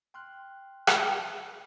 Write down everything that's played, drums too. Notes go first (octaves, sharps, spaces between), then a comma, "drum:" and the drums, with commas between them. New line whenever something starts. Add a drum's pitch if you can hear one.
G5 C6 F6 F#6
drum: rim click